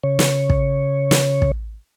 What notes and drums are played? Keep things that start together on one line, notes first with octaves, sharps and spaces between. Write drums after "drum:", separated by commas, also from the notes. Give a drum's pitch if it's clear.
C#3 C#5
drum: snare
drum: kick
drum: snare
drum: kick